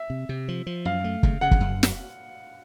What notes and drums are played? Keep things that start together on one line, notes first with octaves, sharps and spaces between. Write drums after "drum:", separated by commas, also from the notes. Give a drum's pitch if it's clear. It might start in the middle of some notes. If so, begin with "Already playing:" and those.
Already playing: E5
C3
C3
F3
F3
F#2 F5
A3
C#3, drum: kick
C#3 F#5
drum: kick
F#2
drum: snare